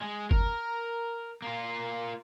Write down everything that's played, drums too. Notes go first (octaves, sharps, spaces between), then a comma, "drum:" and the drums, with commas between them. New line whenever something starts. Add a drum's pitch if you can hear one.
G#3
A#4, drum: kick G1
A#3 F4